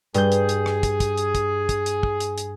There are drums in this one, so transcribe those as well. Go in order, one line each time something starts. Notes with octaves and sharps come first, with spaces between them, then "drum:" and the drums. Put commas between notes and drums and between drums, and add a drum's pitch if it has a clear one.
G2 G#4 G6, drum: hi-hat
drum: hi-hat
drum: hi-hat
drum: rim click
drum: kick, hi-hat
drum: kick, hi-hat
drum: hi-hat
drum: kick, hi-hat
drum: kick, hi-hat
drum: hi-hat
drum: kick
drum: hi-hat
drum: hi-hat